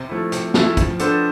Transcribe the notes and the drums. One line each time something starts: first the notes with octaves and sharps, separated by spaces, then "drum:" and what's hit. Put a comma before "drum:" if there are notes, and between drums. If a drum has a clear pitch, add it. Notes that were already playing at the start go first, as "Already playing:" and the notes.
Already playing: C3
F3 A3 E4
C3, drum: hi-hat
F3 A3 E4, drum: snare
F3, drum: kick, hi-hat
B3 D4 A4 C5, drum: hi-hat